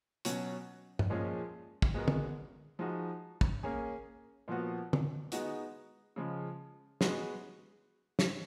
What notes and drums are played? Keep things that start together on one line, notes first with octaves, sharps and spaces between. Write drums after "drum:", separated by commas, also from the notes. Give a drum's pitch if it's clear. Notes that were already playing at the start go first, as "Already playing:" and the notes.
B2 F#3 C#4 F#4, drum: hi-hat
drum: tom G2
A#2 F3 G#3 C#4 G#4
drum: kick
G#3 B3 F#4 A#4
drum: tom
F3 G#3 D#4 F#4
drum: kick
A#3 C#4 G#4
A#2 F3 B3 F#4
drum: tom
G#3 B3 D#4 F#4, drum: hi-hat
C#3 F3 G#3
G#3 B3 F#4 B4, drum: snare
drum: snare